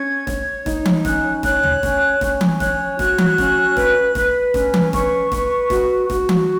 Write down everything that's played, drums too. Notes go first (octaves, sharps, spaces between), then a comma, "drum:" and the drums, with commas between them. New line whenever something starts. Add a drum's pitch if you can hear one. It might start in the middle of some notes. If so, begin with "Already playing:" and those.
Already playing: C#4 G#6
C#5, drum: snare E1
D#4, drum: snare E1
drum: tom E3
C#4 F#6, drum: snare E1
C#5 F#6, drum: snare E1
drum: tom
C#4, drum: snare E1
C#4, drum: snare E1
drum: tom E3
C#5 F#6, drum: snare E1
F#4 F#6, drum: snare E1
drum: tom E3
C#4, drum: snare E1
B4, drum: snare E1
B4, drum: snare E1
C#4, drum: snare E1
drum: tom E3
B4 C#6, drum: snare E1
B4, drum: snare E1
F#4, drum: snare E1
F#4, drum: snare E1
drum: tom E3